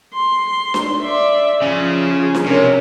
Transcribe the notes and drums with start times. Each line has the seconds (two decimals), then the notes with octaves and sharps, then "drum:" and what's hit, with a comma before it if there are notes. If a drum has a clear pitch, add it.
0.14 C6
0.74 drum: snare D4
1.01 D5 E5
1.62 C#3 F3 G#4
2.35 drum: snare D4
2.47 C3 C#4 A#4